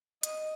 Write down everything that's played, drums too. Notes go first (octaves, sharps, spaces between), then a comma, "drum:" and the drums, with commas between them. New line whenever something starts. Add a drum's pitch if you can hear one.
D#5, drum: hi-hat